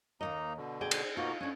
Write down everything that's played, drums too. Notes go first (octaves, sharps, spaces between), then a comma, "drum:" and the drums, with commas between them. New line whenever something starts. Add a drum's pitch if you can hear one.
D#2 A#2 A#3 D#4 D#5 A#5
B2 D3
G#4 D5 G5
drum: cymbal
B2 A#3 D#4 F4 F#4
C#4 D4 C#5